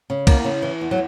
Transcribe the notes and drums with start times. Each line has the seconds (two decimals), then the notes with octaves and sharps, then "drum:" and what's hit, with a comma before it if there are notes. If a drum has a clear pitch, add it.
0.10 C#3
0.27 E2 A#3, drum: kick, cymbal
0.44 C#3
0.62 E3
0.81 E2
0.91 F#3